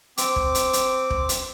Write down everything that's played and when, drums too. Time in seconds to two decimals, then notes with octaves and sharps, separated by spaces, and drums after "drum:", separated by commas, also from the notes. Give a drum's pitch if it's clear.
0.18 C4 D6, drum: hi-hat
0.36 drum: kick
0.55 drum: hi-hat
0.73 drum: hi-hat
1.10 drum: kick
1.29 drum: hi-hat